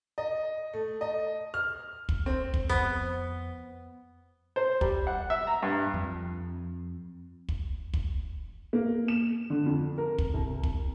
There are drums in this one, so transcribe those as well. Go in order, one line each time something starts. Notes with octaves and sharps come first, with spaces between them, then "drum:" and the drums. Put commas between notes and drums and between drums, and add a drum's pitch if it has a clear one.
D#5
A3
D#5
F6
drum: kick
C4
drum: kick
F2 B3 C5
C5
G3, drum: kick
F#5
E5
A#5
G2
F2
drum: kick
drum: kick
A#3
E7
D3
F2
A#4
drum: kick
C2
drum: kick